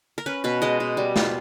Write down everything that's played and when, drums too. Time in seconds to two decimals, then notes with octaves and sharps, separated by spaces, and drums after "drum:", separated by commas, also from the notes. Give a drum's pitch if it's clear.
0.18 A#4
0.26 C#4 B4
0.44 B2 B4
0.62 G#3 D#5
0.80 B2
0.97 G3
1.16 F4, drum: snare